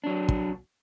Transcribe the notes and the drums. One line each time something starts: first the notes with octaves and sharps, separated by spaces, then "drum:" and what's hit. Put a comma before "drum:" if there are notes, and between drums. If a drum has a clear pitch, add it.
F#3 D4
drum: kick